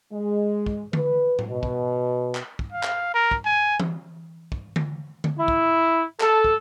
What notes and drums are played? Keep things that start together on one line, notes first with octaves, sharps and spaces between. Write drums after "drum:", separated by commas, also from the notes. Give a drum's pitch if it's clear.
G#3
drum: kick
B4, drum: tom D3
drum: tom A2
B2
drum: kick
drum: clap
drum: kick
F5
drum: clap
A#4
drum: kick
G#5
drum: tom E3
drum: kick
drum: tom D3
drum: tom D3
E4
drum: kick
A4, drum: clap
drum: kick